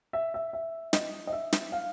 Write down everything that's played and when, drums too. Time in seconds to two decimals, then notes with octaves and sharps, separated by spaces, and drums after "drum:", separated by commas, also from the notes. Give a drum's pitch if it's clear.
0.13 E5
0.34 E5
0.53 E5
0.93 D#5, drum: snare
1.27 D#5
1.32 E5
1.53 drum: snare
1.72 F5